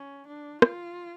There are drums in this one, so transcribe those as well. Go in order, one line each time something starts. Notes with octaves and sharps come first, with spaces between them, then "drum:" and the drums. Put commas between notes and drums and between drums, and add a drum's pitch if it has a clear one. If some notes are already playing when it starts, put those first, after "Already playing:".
Already playing: C#4
D4
F4, drum: rim click